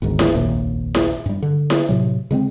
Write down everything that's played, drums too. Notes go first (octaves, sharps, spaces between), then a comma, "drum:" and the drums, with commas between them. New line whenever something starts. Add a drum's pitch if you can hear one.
G1 D2 G#2 D#3
drum: snare E4
F1 A#1 D#2 A#2
drum: snare E4
G2 G3
D3
drum: snare E4
A2 C3 F#3
C#3 G#3 B3 C4